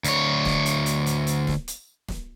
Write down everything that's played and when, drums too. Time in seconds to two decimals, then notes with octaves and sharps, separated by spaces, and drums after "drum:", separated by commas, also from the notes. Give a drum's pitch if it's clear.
0.04 D2 C#5, drum: hi-hat
0.45 drum: snare
0.66 drum: hi-hat
0.86 drum: hi-hat
1.06 drum: hi-hat
1.27 drum: hi-hat
1.47 drum: snare
1.68 drum: hi-hat
2.08 drum: snare